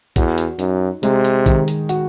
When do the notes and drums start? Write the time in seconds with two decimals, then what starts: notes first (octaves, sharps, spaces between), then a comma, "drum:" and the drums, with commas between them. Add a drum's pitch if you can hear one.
0.16 E2 F#4, drum: kick A#1, hi-hat
0.38 drum: hi-hat
0.59 F#2 D#4, drum: hi-hat
1.03 C3 G#3, drum: hi-hat
1.25 drum: hi-hat
1.46 D#3, drum: kick A#1, hi-hat
1.68 drum: hi-hat
1.89 F#4, drum: hi-hat